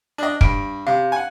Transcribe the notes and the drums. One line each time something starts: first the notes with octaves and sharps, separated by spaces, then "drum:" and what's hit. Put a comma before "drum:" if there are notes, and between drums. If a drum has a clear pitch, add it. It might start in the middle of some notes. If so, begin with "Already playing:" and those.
D4 D#5 A5
G2 D7, drum: kick
C3 F5
F#5 G#5